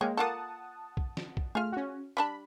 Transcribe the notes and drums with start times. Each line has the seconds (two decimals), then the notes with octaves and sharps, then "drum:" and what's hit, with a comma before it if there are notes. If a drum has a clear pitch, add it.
0.01 G#3 A#3 C#5 G5
0.17 A#3 F4 A4 F#5 A5 D#6
0.97 drum: kick
1.17 drum: snare
1.37 drum: kick
1.55 A3 F4 G#4 F6
1.72 C#4 F#4
2.17 G3 D4 A5 B5